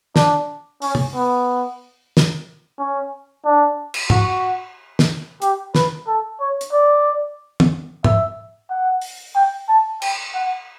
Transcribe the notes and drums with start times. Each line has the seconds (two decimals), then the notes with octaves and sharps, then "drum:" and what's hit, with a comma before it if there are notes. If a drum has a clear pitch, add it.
0.16 D4, drum: snare
0.82 C#4, drum: open hi-hat
0.95 drum: tom
1.15 B3
2.17 drum: snare
2.79 C#4
3.45 D4
3.94 drum: cymbal
4.10 F#4, drum: tom
4.99 drum: snare
5.42 G4, drum: hi-hat
5.75 B4, drum: snare
6.07 A4
6.40 C#5
6.61 drum: hi-hat
6.73 D5
7.60 drum: tom
8.04 E5, drum: tom
8.70 F#5
9.01 drum: open hi-hat
9.35 G5
9.68 A5
10.02 G5, drum: cymbal
10.34 F#5